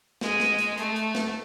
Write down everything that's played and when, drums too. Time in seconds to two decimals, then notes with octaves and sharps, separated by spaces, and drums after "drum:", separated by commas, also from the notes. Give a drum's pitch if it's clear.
0.21 G#3, drum: snare
0.40 drum: snare
0.59 drum: hi-hat
0.78 A3, drum: hi-hat
0.96 drum: hi-hat
1.15 drum: snare